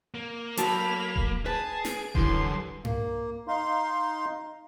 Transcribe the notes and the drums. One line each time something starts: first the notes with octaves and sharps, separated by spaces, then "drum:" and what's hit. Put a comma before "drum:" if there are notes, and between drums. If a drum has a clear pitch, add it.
A#3
F#3 A4 D5 G5 A5 B5 F7, drum: hi-hat
drum: kick D#1
G#4 B4 A5
D7, drum: snare
F#2 D3 E3 G3 C6, drum: kick D#1
A#3, drum: tom G2
D#4 F5 C6